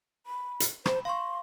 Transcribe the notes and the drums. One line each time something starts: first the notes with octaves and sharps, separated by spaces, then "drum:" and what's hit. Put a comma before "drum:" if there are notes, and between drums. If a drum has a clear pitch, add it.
B5
drum: hi-hat
C5 B5, drum: rim click
F5 C6 C#6